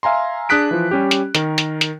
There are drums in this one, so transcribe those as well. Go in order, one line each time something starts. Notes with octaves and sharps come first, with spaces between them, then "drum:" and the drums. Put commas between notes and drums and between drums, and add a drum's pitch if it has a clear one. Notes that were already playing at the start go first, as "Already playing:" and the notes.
E5 F5 G#5 A#5 C6
D4 G#4 D#6 F#6 B6 D7
E3 F3
G3 C#4 G4
drum: hi-hat
D#3 A#4, drum: hi-hat
drum: hi-hat
drum: hi-hat